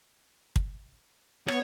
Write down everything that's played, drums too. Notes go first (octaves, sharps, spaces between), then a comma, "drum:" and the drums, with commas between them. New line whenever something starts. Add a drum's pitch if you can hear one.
drum: kick
B3 C#5, drum: rim click